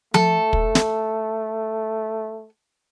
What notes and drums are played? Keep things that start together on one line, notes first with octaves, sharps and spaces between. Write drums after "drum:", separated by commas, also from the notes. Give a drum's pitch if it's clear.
A3 A4, drum: tom F3
drum: kick
drum: snare